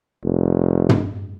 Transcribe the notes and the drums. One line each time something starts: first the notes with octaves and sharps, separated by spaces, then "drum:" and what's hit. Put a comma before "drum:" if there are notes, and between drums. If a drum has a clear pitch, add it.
F1
drum: tom